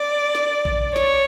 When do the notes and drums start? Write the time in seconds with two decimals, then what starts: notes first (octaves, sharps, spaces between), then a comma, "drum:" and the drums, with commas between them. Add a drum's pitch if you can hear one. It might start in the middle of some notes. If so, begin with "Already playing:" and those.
Already playing: D5
0.35 drum: snare
0.65 drum: kick A#1
0.96 C#5, drum: snare